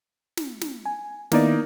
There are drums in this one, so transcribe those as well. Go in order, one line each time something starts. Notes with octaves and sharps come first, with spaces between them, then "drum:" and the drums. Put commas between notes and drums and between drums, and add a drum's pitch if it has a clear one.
drum: snare
drum: snare
G#5
D#3 A#3 B3 D#4 E4 D5, drum: snare